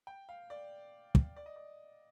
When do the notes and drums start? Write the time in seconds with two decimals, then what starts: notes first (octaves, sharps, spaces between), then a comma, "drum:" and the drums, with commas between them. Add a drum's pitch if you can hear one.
0.07 G5
0.29 F5
0.50 D5
1.15 drum: kick
1.37 D5
1.46 D#5
1.56 D5